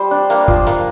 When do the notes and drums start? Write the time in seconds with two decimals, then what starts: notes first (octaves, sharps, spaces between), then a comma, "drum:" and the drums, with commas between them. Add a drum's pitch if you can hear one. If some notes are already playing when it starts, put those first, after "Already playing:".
Already playing: G3 C5
0.11 D4
0.30 A#3, drum: hi-hat
0.48 F3, drum: kick
0.67 A#3, drum: hi-hat